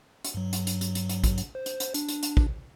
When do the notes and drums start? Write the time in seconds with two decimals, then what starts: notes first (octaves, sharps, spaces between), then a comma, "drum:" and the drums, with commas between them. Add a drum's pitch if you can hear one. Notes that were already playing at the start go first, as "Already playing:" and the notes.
0.24 drum: hi-hat
0.34 G2 F#3
0.53 drum: hi-hat
0.67 drum: hi-hat
0.81 drum: hi-hat
0.95 drum: hi-hat
1.09 drum: hi-hat
1.24 drum: kick, hi-hat
1.38 drum: hi-hat
1.55 C5
1.66 drum: hi-hat
1.80 drum: hi-hat
1.94 D4, drum: hi-hat
2.08 drum: hi-hat
2.23 drum: hi-hat
2.37 drum: kick